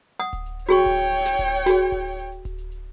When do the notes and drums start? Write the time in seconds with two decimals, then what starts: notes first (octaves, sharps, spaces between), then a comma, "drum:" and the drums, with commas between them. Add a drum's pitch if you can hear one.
0.20 F#5 D#6, drum: hi-hat
0.33 drum: kick D1, hi-hat
0.46 drum: hi-hat
0.59 drum: hi-hat
0.69 F#4 G#4 C#5 G5 C#6
0.86 drum: kick D1, hi-hat
0.99 drum: hi-hat
1.12 drum: hi-hat
1.26 drum: snare
1.39 drum: kick D1, hi-hat
1.66 F#4 G#4, drum: snare
1.79 drum: hi-hat
1.92 drum: kick D1, hi-hat
2.05 drum: hi-hat
2.19 drum: hi-hat
2.32 drum: hi-hat
2.45 drum: kick D1, hi-hat
2.58 drum: hi-hat
2.72 drum: hi-hat